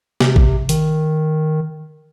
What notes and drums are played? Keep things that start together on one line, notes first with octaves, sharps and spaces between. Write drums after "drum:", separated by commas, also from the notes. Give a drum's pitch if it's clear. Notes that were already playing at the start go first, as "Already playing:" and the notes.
C3, drum: snare
drum: kick A1
D#3, drum: hi-hat